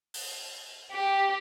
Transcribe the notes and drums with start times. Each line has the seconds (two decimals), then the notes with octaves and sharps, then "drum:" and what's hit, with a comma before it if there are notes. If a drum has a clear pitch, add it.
0.14 drum: open hi-hat
0.92 G4